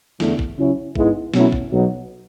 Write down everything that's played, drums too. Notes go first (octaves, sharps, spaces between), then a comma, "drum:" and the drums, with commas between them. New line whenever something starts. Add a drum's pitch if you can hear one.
E2 D3 A3 E4, drum: snare
drum: kick
C#3 F#3 C#4 E4
G#2 G#3 B3 E4, drum: kick
B2 F#3 A3 C#4 E4, drum: snare
drum: kick
B1 B2 F#3